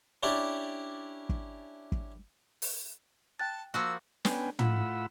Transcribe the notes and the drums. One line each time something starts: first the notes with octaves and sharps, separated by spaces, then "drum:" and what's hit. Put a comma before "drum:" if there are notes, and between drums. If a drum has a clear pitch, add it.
C#4 D4 E4 G4 D5
drum: kick
drum: kick
drum: open hi-hat
G5 A5 F#6 A6
F3 A#3 F#4 E6
B3 C#4 D4 B4 G5 G#5, drum: snare
A2 F4 F#5 B5 E6, drum: tom